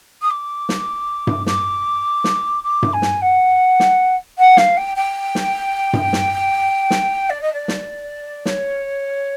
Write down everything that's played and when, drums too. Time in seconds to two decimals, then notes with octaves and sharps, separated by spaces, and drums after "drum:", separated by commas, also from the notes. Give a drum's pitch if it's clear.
0.21 D#6
0.30 D6
0.69 drum: snare
1.27 drum: tom G2
1.46 D6, drum: snare
2.24 drum: snare
2.63 D6
2.83 drum: tom G2
2.93 G#5
3.02 drum: snare
3.21 F#5
3.80 drum: snare
4.38 F#5
4.57 F5, drum: snare
4.77 G5
4.96 G5
5.35 drum: snare
5.93 drum: tom G2
6.13 drum: snare
6.91 drum: snare
7.29 D5
7.41 D#5
7.53 D5
7.68 drum: snare
8.46 C#5, drum: snare